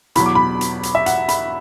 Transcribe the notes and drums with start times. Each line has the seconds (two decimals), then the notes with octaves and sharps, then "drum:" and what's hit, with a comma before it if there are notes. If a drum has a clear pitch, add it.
0.15 E2 B2 F#3 B5, drum: hi-hat
0.26 D6
0.35 B5
0.61 drum: hi-hat
0.83 drum: hi-hat
0.95 E5
1.06 F#5, drum: hi-hat
1.28 B5, drum: hi-hat